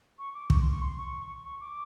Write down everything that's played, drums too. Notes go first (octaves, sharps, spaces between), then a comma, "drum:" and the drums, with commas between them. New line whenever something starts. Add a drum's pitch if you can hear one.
C#6
D6
C#6, drum: kick
C6
C#6
C6
C#6
C#6
D6